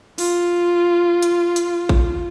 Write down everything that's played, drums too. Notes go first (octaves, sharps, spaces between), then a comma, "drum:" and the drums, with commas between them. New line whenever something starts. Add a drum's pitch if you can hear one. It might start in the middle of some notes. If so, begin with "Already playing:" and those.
F4, drum: open hi-hat
drum: hi-hat
drum: hi-hat
drum: kick